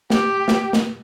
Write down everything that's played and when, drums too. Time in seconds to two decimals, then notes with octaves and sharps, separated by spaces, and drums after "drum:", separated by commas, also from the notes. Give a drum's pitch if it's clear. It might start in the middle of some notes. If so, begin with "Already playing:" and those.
0.10 G4, drum: snare
0.48 drum: snare
0.73 drum: snare